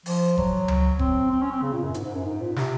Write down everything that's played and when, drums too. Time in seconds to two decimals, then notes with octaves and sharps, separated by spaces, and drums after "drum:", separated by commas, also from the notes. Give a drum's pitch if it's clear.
0.06 F3, drum: open hi-hat
0.37 F#3, drum: kick F1
0.68 drum: tom C#2
0.99 C4, drum: kick F1
1.31 C4
1.42 C#4
1.52 C4
1.62 C#3
1.73 A#2
1.83 F#2
1.94 G#2, drum: hi-hat
2.05 G#2
2.15 F#2
2.25 G#2
2.41 A#2
2.56 C3, drum: snare